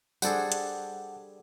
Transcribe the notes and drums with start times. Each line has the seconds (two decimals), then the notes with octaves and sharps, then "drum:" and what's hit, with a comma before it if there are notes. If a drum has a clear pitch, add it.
0.22 G3 D4 G#4 A4 C5 F#5, drum: tambourine
0.52 drum: hi-hat